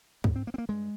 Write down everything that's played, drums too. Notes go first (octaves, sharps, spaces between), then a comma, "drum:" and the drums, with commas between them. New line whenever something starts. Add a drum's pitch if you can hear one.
G#2 A#3, drum: kick
C4
A#3
C4
A#3
G2 G#3